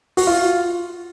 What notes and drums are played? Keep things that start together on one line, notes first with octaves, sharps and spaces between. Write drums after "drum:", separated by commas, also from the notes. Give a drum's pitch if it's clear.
F#4, drum: open hi-hat
F4